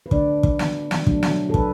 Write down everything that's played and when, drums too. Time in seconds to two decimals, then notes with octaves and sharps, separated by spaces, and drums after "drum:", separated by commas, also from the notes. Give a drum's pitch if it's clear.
0.06 B4
0.11 D3 A3 D4 D5, drum: kick
0.43 drum: kick
0.59 drum: snare
0.91 drum: snare
1.07 B2 F#3 A3 D4, drum: kick
1.23 drum: snare
1.50 A4
1.54 B4, drum: kick